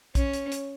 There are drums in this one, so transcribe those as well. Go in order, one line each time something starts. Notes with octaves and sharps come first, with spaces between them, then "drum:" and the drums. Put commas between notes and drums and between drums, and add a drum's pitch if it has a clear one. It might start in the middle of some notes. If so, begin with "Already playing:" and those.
C#4, drum: kick, hi-hat
drum: hi-hat
drum: hi-hat